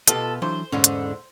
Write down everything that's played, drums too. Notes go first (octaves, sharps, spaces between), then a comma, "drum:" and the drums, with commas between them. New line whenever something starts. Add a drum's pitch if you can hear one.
B2 B3 F4 G4 A4 D#5, drum: hi-hat
E3 F#3 D4 C5
E2 G#2 D3 C#4
drum: hi-hat